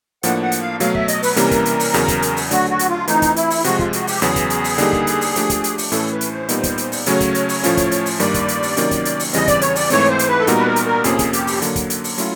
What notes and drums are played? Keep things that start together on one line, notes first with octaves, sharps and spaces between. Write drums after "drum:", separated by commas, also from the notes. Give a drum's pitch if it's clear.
A2 F3 A#3 D4 F#5, drum: hi-hat
F#5
drum: hi-hat
F5
B2 F#3 A3 F5, drum: hi-hat
E5, drum: kick
D#5, drum: hi-hat
B4, drum: open hi-hat
C3 E3 G3 A#3 C#4 A#4, drum: hi-hat
drum: kick, hi-hat
drum: hi-hat
drum: open hi-hat
E2 C#3 F#3, drum: hi-hat
drum: kick, hi-hat
drum: hi-hat
drum: open hi-hat
D3 F#3 A3 D4 F#4, drum: hi-hat
F#4
drum: hi-hat
F4
E3 A3 C4 D#4 F4, drum: hi-hat
drum: kick, hi-hat
E4, drum: hi-hat
drum: open hi-hat
C3 F3 G#3 F#4, drum: hi-hat
F4, drum: kick
F#4, drum: hi-hat
G4, drum: open hi-hat
E2 C#3 F#3 B3 G#4, drum: hi-hat
drum: kick, hi-hat
drum: hi-hat
drum: open hi-hat
D3 G3 A#3 D#4 G4, drum: hi-hat
drum: kick
drum: hi-hat
drum: open hi-hat
F3 A3 D4 G4, drum: hi-hat
drum: kick, hi-hat
drum: hi-hat
drum: open hi-hat
A2 E3 A3 C#4 A4, drum: hi-hat
B4
drum: hi-hat
C5
A#2 G3 B3 D#4, drum: hi-hat
drum: kick, hi-hat
drum: hi-hat
drum: open hi-hat
C#3 F#3 A3 C#4 F#4 C#5, drum: hi-hat
drum: kick, hi-hat
drum: hi-hat
drum: open hi-hat
A2 F3 A3 C#4 F4, drum: hi-hat
drum: kick, hi-hat
drum: hi-hat
drum: open hi-hat
G2 D#3 G3 A#3 D5, drum: hi-hat
drum: kick, hi-hat
drum: hi-hat
drum: open hi-hat
C3 D#3 F#3 A#3 C#4, drum: hi-hat
drum: kick, hi-hat
drum: hi-hat
drum: open hi-hat
E2 C#3 E3 G3 C4 D#5, drum: hi-hat
D5, drum: kick, hi-hat
C#5, drum: hi-hat
D5, drum: open hi-hat
G#2 E3 A3 C4 C#5, drum: hi-hat
C5
drum: hi-hat
B4
A4
A#2 G3 B3 D#4 F#4 A#4, drum: hi-hat
B4
A#4
drum: hi-hat
A#4
F2 C3 F3 A#3 C#4 G#4, drum: hi-hat
drum: kick, hi-hat
G4, drum: hi-hat
drum: open hi-hat
D3 F#3 A#3, drum: hi-hat
drum: kick, hi-hat
drum: hi-hat
drum: open hi-hat
F#3 A3 C#4 E4 F4, drum: hi-hat